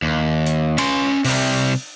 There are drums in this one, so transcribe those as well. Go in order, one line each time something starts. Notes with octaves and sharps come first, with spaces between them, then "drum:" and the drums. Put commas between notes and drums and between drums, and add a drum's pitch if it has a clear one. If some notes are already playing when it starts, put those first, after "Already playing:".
D#2
drum: hi-hat
C#4 C6, drum: cymbal
C3 G3, drum: open hi-hat